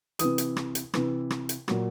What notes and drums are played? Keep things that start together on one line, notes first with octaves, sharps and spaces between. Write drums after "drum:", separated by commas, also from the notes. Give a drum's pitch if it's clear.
C3 E3 D#6, drum: hi-hat
drum: hi-hat
drum: rim click
drum: hi-hat
C3 E3, drum: rim click
drum: rim click
drum: hi-hat
A#2 F#3, drum: rim click